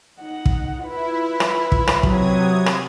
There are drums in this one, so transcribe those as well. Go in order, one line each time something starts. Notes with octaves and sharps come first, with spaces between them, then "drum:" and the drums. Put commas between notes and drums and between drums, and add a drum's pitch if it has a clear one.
D#4 F#5
drum: kick
E4 F4 B4
drum: rim click
drum: kick
drum: rim click
C3 F#3 D#6 G#6, drum: kick
drum: rim click